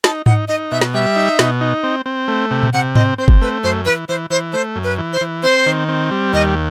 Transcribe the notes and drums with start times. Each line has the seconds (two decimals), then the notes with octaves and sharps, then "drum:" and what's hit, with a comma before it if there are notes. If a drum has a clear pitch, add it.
0.04 D#4 A5, drum: snare
0.26 D#4 F#5, drum: tom G#2
0.48 D#4 D#5
0.71 B2 E5
0.81 drum: snare
0.94 G3 E5
1.16 D#4
1.39 B2, drum: snare
1.61 D#4
1.83 C4
2.06 C4
2.28 A3
2.51 C3
2.63 drum: tom A#2
2.73 C3 F#5
2.95 C4 D#5, drum: tom G#2
3.18 C4 C5
3.28 drum: kick F#1
3.41 A3 B4
3.63 F#2 C5
3.85 E3 B4
4.09 E3 C5
4.30 E3 C5
4.53 A3 C5
4.76 F#2
4.84 B4
4.98 E3
5.13 C5
5.21 E3
5.43 C4 C5
5.66 D#3
5.88 C4
6.11 G3
6.33 D#2 D#5